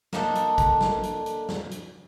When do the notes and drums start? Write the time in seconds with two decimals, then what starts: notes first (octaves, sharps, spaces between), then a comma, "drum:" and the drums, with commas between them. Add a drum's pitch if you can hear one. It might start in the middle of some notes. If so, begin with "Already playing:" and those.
0.13 A#3 D4 D#4 A4, drum: snare
0.35 drum: hi-hat
0.58 drum: kick A1, hi-hat
0.81 drum: snare
1.03 drum: hi-hat
1.26 drum: hi-hat
1.49 drum: snare
1.71 drum: hi-hat